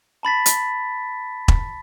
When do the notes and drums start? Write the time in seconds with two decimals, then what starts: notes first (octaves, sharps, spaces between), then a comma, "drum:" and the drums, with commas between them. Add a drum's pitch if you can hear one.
0.23 A5 B5 A6 B6
0.46 drum: hi-hat
1.48 drum: kick E1